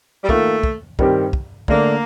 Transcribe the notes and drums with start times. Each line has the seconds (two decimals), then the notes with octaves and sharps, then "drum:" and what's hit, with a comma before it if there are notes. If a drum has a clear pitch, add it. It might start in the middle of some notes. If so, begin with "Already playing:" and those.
0.23 G3
0.29 D#3 A3 A#3 F4 A#4, drum: kick
0.63 drum: kick
0.99 G2 D#3 G3 C4 G4, drum: kick
1.33 drum: kick
1.68 D3 A3 A#3 D4, drum: kick